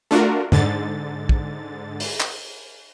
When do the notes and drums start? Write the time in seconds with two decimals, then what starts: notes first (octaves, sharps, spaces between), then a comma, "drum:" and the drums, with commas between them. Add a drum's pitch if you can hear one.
0.11 A3 D4 F4 F#4 A#4
0.52 G#2 D3 A6, drum: tom
1.29 drum: kick
2.00 drum: open hi-hat
2.20 drum: clap